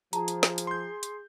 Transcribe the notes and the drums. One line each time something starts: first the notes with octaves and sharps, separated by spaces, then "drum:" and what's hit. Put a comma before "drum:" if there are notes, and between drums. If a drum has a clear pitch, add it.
F3 G#4 A5 A#5, drum: hi-hat
drum: hi-hat
drum: snare
drum: hi-hat
C6 G6
drum: hi-hat